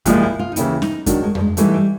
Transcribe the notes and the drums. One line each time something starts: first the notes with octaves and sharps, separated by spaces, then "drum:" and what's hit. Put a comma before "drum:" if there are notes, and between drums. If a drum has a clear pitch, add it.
C2 A#2 F3 G#3 E4, drum: kick F2, hi-hat
E4
F4
D#4
D#2 C#3 E3 E4, drum: hi-hat
D#4, drum: snare
G#2 D#3 F#3 D4, drum: kick F2, hi-hat
G#3
G3, drum: tom F2
G#3
G#2 E3 G3 A3, drum: hi-hat
G3